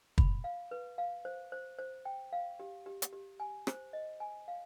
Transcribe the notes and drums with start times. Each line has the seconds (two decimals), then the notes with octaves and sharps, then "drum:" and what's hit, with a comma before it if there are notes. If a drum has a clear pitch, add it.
0.18 B5, drum: kick
0.44 F5
0.71 B4
0.98 F5
1.25 C5
1.52 C5
1.78 C5
2.05 G5
2.33 F5
2.60 G4
2.86 G4
3.02 drum: hi-hat
3.13 G4
3.40 G#5
3.67 C5, drum: rim click
3.93 D#5
4.20 G#5
4.48 F5